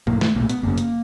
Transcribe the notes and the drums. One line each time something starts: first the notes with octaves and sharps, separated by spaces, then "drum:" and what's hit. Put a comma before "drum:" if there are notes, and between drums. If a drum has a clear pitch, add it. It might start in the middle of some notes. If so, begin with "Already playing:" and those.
B1 A2 A#3, drum: tom G2
A3, drum: snare
B1 A2 A#3
B3, drum: hi-hat
G1 F#2 C#3 A#3
drum: hi-hat